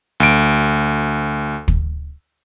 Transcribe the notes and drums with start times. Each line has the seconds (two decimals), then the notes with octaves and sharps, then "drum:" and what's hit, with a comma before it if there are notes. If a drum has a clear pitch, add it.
0.20 D2 D7
1.68 drum: kick